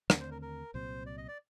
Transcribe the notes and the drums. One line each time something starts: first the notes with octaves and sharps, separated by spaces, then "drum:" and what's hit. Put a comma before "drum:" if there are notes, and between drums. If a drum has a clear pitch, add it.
D#2 D3 A3 C4, drum: rim click
C5
A#4
A#4
C2 A#2 F#3 C4 C5
D5
D#5
D5